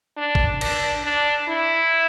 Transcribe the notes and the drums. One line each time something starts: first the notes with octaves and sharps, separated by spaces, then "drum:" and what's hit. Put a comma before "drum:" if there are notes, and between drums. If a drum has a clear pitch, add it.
D4
drum: kick
D4, drum: cymbal
D4
E4